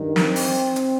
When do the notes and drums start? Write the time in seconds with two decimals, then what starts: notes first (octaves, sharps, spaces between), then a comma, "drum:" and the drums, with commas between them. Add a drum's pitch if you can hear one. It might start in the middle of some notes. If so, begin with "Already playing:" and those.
Already playing: G2 D#3
0.16 C4, drum: snare
0.36 drum: open hi-hat
0.76 drum: hi-hat